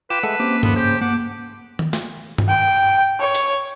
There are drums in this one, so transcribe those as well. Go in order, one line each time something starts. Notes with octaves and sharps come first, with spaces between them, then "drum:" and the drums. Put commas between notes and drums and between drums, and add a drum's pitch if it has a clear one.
F4 B4 G5 D6 E7
G#3 A3 E5 F#5 A5
A#3 C4 C#4 G4 D6
D#2 F3 A3 B3, drum: tom G2
C#3 G4 C5 G6
A#3 F#5 D6
drum: tom D#3
drum: snare
drum: tom G2
G5
C#5
drum: hi-hat